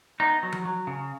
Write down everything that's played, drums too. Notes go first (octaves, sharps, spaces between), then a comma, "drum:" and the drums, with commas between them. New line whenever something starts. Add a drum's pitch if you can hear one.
B3 D#4
F#3
drum: tom F3
F#3
C#3